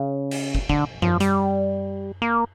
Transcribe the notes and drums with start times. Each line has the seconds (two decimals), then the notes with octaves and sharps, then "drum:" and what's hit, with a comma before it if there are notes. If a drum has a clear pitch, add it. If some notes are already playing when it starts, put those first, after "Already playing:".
Already playing: C#3
0.31 drum: cymbal
0.55 drum: kick
0.69 D3, drum: kick
1.02 F3, drum: tom F#2
1.20 G3, drum: hi-hat
2.22 A#3